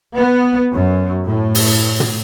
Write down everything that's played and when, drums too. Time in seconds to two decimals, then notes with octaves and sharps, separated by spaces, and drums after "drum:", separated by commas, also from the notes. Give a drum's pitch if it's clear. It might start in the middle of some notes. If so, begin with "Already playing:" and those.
0.18 B3
0.73 F#2
1.25 A2
1.55 drum: open hi-hat
2.00 drum: tom